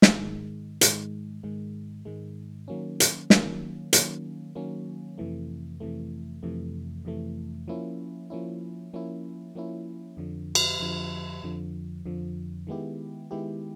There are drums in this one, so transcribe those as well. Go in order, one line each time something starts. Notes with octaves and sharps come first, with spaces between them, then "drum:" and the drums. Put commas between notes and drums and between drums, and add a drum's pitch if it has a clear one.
drum: snare
G#2 D#3 G#3
G#2 D#3 G#3, drum: hi-hat
G#2 D#3 G#3
G#2 D#3 G#3
D#3 F#3 A#3 C#4
drum: hi-hat
D#3 F#3 A#3 C#4, drum: snare
D#3 F#3 A#3 C#4, drum: hi-hat
D#3 F#3 A#3 C#4
F2 C3 E3 A3
F2 C3 E3 A3
F2 C3 E3 A3
F2 C3 E3 A3
F3 A#3 C#4 E4
F3 A#3 C#4 E4
F3 A#3 C#4 E4
F3 A#3 C#4 E4
F2 D3 F3
drum: cymbal
F2 D3 F3
F2 D3 F3
F2 D3 F3
D#3 G#3 B3 E4 G4
D#3 G#3 B3 E4 G4